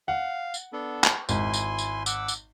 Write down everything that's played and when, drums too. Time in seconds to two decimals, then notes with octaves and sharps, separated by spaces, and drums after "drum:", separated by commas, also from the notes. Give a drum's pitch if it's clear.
0.08 F5 F#5
0.54 drum: tambourine
0.73 B3 D4 A4
1.04 drum: clap
1.29 G#1 E4 G#5 C6, drum: tambourine
1.54 drum: tambourine
1.78 drum: tambourine
2.06 F#5 D6 E6, drum: tambourine
2.28 drum: tambourine